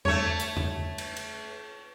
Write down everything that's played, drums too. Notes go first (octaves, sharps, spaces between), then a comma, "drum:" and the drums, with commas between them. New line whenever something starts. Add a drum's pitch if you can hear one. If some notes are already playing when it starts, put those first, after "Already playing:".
A3 C#5, drum: tom E2
drum: hi-hat
drum: tom E2
drum: cymbal
drum: cymbal